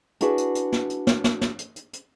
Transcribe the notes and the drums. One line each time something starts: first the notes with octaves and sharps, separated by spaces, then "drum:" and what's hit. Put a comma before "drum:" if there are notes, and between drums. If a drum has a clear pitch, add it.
D4 E4 F#4 G#4 B4, drum: hi-hat
drum: hi-hat
drum: hi-hat
drum: snare
drum: hi-hat
drum: snare
drum: snare
drum: snare
drum: hi-hat
drum: hi-hat
drum: hi-hat